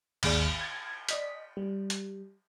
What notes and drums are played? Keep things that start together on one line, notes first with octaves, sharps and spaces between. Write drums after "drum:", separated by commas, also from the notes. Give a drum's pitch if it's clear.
G#1 D#2 G#4 D5, drum: cymbal
G#6 A6
D5 D#5 B6, drum: hi-hat
G3
drum: hi-hat